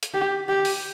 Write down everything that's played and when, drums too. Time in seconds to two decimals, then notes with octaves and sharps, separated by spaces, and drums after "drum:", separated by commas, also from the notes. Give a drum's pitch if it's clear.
0.03 drum: hi-hat
0.14 G4
0.49 G4
0.65 drum: open hi-hat